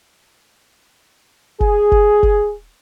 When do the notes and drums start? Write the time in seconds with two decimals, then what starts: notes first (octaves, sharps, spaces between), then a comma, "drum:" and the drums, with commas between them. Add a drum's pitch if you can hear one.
1.60 G#4, drum: kick F#1
1.92 drum: kick F#1
2.23 drum: kick F#1